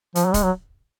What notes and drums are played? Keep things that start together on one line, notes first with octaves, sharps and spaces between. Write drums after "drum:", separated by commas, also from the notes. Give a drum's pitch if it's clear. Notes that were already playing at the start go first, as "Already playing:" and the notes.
F3, drum: hi-hat
F#3
G#3, drum: kick C#1, hi-hat
F#3